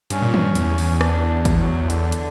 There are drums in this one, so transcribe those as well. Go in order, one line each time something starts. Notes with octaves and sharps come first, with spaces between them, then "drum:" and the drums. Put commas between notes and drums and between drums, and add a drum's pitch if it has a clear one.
G2 C#4, drum: hi-hat
A#2
G2, drum: tom D#3
E2, drum: hi-hat
drum: open hi-hat
D4, drum: rim click
drum: kick, hi-hat
F#3
D3, drum: hi-hat
drum: hi-hat